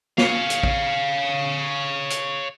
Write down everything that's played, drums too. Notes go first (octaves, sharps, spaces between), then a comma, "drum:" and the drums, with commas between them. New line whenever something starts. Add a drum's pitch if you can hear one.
C#5 F5, drum: snare
drum: hi-hat
drum: kick
drum: hi-hat